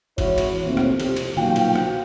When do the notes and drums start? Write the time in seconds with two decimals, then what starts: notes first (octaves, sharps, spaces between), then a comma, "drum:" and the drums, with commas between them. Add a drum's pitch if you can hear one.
0.18 G#1 E3 E4 F#4 C#5, drum: kick, cymbal
0.38 drum: cymbal
0.65 D#2 B2 F3 A3 C4
0.77 drum: rim click
1.00 C2 F2 G4, drum: cymbal
1.16 drum: cymbal
1.37 B1 A#2 F3 F#4 F5 G5, drum: tom
1.56 drum: cymbal
1.76 drum: rim click